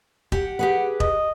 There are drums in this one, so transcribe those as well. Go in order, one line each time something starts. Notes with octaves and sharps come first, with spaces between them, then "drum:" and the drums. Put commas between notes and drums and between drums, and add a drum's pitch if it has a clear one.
G4 F#5, drum: kick E1
G4 G#4 B4 F#5
D#5, drum: kick E1